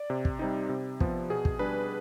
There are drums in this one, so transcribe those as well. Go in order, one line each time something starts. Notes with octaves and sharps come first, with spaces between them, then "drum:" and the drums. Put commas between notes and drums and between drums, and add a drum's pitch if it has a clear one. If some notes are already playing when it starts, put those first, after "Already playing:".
Already playing: D5
C3
drum: kick
G3 C4 D#4
C3
F3 B3, drum: kick
B2 G#4
drum: kick
G3 D4 B4